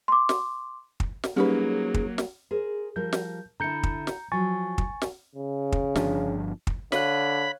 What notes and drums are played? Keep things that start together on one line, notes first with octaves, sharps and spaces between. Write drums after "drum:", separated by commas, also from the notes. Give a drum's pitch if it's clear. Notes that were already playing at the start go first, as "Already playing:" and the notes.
C6 D6
drum: snare
drum: kick
drum: snare
F#3 G3 A#3 C#4 D#4 G4 G#4 B4
drum: kick
drum: snare
G#4 A#4 C5
F3 G3 A#4 G6
drum: snare
D3 D4 E4 A#5 G6 C#7
drum: kick
drum: snare
F3 F#3 G#5 C#6 A6
drum: kick
drum: snare
C#3
drum: kick
G1 F3 D4, drum: snare
drum: kick
D3 C#5 F5 B5 F#6, drum: snare